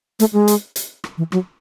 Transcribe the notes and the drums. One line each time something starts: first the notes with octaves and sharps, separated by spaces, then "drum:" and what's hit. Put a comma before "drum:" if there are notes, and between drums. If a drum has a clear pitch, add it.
A3, drum: hi-hat
G#3
drum: hi-hat
drum: hi-hat
drum: rim click
E3
F#3, drum: rim click